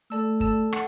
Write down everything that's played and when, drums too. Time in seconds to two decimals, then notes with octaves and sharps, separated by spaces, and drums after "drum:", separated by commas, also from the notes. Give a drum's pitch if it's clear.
0.10 A3 A4 D5 A5 E6
0.40 A4 D5 A5 E6, drum: kick
0.73 F#5, drum: rim click